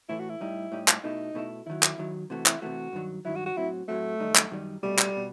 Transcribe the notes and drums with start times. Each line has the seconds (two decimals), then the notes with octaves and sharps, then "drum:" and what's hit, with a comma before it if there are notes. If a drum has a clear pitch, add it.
0.09 A2 E3 A3 E4
0.19 F#4
0.30 E4
0.41 A2 G3 D#4 G4
0.72 A2 G3 D#4 G4
0.88 drum: clap
1.04 B2 A3 D#4 E4
1.35 B2 A3 E4
1.66 D#2 D#3 F#3 E4
1.83 drum: clap
1.98 D#2 D#3 F#3
2.30 C3 E3 A3 F#4
2.46 E4, drum: clap
2.62 C3 E3 A3 F#4
2.93 G2 D#3 F#3
3.25 G2 D#3 F#3 E4
3.36 F#4
3.46 F#4
3.57 A2 F#3 C4 E4 F#4
3.88 A2 F#3 A3 C4 F#4
4.20 F#2 D#3 G3 D#4
4.35 drum: clap
4.51 F#2 D#3 G3 D#4
4.83 C2 B2 G3 A3
4.99 drum: clap
5.17 B2